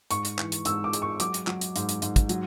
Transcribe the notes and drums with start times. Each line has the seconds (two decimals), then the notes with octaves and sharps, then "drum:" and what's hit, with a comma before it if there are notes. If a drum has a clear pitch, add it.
0.11 G#2 C#6, drum: hi-hat
0.25 drum: hi-hat
0.39 E3, drum: clap
0.52 drum: hi-hat
0.65 G#2 E6, drum: hi-hat
0.84 D6
0.93 G#3, drum: hi-hat
1.02 C#6
1.20 F#3 D6, drum: hi-hat
1.34 drum: hi-hat
1.47 F#3, drum: clap
1.61 drum: hi-hat
1.76 G#2, drum: hi-hat
1.89 drum: hi-hat
2.02 G#2, drum: hi-hat
2.16 drum: kick, hi-hat
2.29 F#3, drum: hi-hat